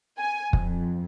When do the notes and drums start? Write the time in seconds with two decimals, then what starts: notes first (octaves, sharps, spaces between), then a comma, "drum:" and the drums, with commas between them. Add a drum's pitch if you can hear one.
0.18 G#5
0.53 F2, drum: kick